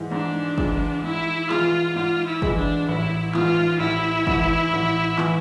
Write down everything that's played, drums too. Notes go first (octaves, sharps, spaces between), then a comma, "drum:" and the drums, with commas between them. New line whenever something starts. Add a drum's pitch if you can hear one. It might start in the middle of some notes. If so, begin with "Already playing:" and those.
Already playing: G#2 E3 G#3
G#2 D4
E3 G#3, drum: kick
G#2 E4
E3 G#3 F4, drum: clap
G#2 F4
E4
E3 G#3, drum: kick
D4
A1 E4
G#2 E3 F4, drum: clap
A1 E4
G#2 E3, drum: kick
A1
E3, drum: clap